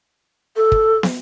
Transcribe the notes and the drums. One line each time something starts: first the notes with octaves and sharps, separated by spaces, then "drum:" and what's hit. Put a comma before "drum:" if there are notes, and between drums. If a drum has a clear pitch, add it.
A4
drum: kick
drum: snare